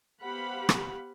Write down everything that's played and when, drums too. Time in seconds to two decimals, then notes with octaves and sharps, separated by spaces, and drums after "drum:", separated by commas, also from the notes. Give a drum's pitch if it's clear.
0.23 B3 G4 C5 F5 F#5 B5
0.69 drum: rim click